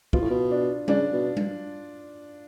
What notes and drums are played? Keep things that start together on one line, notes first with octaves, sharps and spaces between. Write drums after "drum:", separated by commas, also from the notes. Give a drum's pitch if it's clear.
B2 F4, drum: kick
A2
B2
D4
C#3 D4, drum: tom G3
B2
drum: tom G3